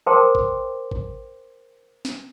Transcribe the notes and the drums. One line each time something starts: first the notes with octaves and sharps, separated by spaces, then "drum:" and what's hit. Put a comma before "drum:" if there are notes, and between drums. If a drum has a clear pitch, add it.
A#4 C5 G5 A5 C6 D6
drum: kick G#1
drum: kick G#1
drum: snare